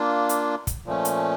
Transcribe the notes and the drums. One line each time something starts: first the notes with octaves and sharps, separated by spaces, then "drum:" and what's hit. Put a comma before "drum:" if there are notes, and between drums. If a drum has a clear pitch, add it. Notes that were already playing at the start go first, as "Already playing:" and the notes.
Already playing: A#3 D4 F4
drum: hi-hat
drum: kick, hi-hat
A#2 F3 A3 C#4
drum: hi-hat